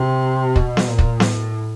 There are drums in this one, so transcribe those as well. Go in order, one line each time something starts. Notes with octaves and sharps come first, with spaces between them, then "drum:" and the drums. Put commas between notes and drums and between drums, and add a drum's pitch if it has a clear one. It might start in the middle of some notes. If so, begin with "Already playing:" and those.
Already playing: C3
B2, drum: kick
drum: snare B3
A#2
drum: kick
A2, drum: snare B3